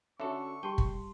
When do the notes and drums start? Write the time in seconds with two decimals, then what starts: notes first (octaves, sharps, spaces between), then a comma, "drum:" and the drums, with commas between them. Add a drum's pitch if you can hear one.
0.20 D3 C#4 F#4 A4 E5 C#6
0.63 G3 G4 G#4 G5 A5 C6
0.78 drum: kick